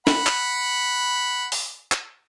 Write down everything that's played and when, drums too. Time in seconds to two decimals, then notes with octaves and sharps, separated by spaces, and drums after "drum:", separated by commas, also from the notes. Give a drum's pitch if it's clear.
0.07 F#5 B5, drum: snare
0.27 drum: clap
1.52 drum: open hi-hat
1.92 drum: clap